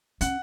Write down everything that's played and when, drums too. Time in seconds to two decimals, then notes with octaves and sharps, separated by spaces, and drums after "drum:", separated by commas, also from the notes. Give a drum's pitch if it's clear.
0.21 C#4 F#5, drum: hi-hat